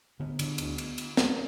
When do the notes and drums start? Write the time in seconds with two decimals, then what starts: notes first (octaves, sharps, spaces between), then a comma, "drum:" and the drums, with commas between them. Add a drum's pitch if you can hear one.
0.20 D3 B3
0.39 D3, drum: cymbal
0.58 D2, drum: cymbal
0.78 drum: cymbal
0.98 drum: cymbal
1.17 drum: snare